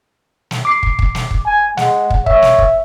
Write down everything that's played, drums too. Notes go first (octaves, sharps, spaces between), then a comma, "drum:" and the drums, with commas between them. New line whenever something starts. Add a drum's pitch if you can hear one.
drum: snare
D6 C7
drum: kick
drum: kick
drum: snare
drum: kick
G#5
G#3 F#5, drum: snare
drum: kick
C#5 E5, drum: kick
drum: snare
drum: kick